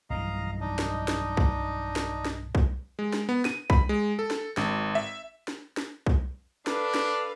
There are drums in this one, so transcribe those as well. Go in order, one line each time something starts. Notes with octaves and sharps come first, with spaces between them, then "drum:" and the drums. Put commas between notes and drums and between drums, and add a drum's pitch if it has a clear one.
B1 G2 E3 D#5 F5 A#5
D4 D#4 D#5
drum: snare
drum: snare
drum: kick B1
drum: snare
drum: snare
drum: kick B1
G#3
drum: snare
B3
D#7, drum: snare
B5, drum: kick B1
G#3
A4
drum: snare
G#1, drum: snare
E5
drum: snare
drum: snare
drum: kick B1
D4 A4 B4 F5, drum: snare
drum: snare